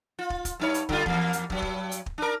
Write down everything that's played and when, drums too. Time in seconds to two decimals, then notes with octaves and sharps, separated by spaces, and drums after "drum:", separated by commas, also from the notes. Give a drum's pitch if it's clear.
0.19 F4
0.30 drum: kick
0.45 drum: kick, hi-hat
0.60 G2 D#4 C#5
0.74 drum: hi-hat
0.89 D3 G3 F4, drum: kick
1.06 E2 A#3, drum: kick
1.33 drum: hi-hat
1.50 G2 F#3, drum: kick
1.62 drum: kick
1.92 drum: hi-hat
2.06 drum: kick
2.18 D4 A#4